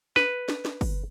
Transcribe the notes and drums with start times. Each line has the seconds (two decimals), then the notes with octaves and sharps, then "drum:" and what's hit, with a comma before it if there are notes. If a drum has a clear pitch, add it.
0.16 B4, drum: snare
0.49 drum: snare
0.65 drum: snare
0.81 drum: kick G1, open hi-hat